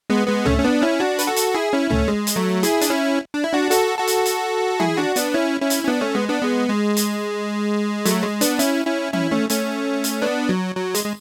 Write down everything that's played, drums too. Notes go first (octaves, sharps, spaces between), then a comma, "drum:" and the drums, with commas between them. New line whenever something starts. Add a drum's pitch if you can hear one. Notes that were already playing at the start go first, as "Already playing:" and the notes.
G#3 B3
G#3 B3
A3 C#4, drum: tom C#2
C#4
B3 D4
C#4 E4
D4 F#4
B4, drum: hi-hat
F#4 A4
drum: hi-hat
E4 G#4
C#4 E4
A3 C#4, drum: tom C#2
G#3
drum: hi-hat
F#3 A3
E4 G#4, drum: hi-hat
D4, drum: hi-hat
C#4 E4
D4
E4
D4 F#4
F#4 A4, drum: hi-hat
F#4 A4
drum: hi-hat
drum: hi-hat
E4 G#4, drum: tom E3
D4 F#4
B3 D4, drum: hi-hat
C#4 E4
C#4 E4
drum: hi-hat
C#4
B3 D4
A3 C#4
G#3 B3
B3 D4
G#3 B3
G#3
drum: hi-hat
F#3 A3, drum: hi-hat
G#3
B3 D4, drum: hi-hat
C#4 E4, drum: hi-hat
C#4 E4
C#4 E4, drum: tom E3
A3 C#4
A3 C#4, drum: hi-hat
drum: hi-hat
B3 D4
F#3
F#3
G#3, drum: hi-hat
G#3